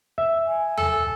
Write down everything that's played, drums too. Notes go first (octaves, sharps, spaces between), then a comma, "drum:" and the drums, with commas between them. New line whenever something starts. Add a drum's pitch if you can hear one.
E5
G#5
A4, drum: tom D#2